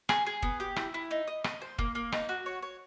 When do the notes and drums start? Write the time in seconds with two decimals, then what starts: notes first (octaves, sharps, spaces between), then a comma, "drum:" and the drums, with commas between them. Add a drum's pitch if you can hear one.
0.09 G#4, drum: rim click
0.26 G#4
0.43 B3, drum: kick
0.60 G4
0.76 E4, drum: rim click
0.94 E4
1.11 D#4
1.27 D#5
1.44 D#5, drum: rim click
1.61 C5
1.78 A#3, drum: kick
1.95 A#3
2.12 D#4, drum: rim click
2.29 F#4
2.46 C#5
2.62 C#5